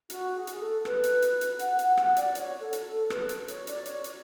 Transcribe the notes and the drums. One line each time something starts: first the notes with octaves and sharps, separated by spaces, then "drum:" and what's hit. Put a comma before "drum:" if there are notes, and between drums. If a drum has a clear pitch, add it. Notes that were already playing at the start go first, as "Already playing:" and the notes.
F#4, drum: hi-hat
G#4
drum: hi-hat
A4
B4, drum: rim click
drum: hi-hat
drum: hi-hat
drum: hi-hat
F#5, drum: hi-hat
F#5, drum: hi-hat
F#5, drum: rim click
D5, drum: hi-hat
C#5, drum: hi-hat
A4
drum: hi-hat
A4
B4, drum: rim click
drum: hi-hat
C#5, drum: hi-hat
D5, drum: hi-hat
C#5, drum: hi-hat
drum: hi-hat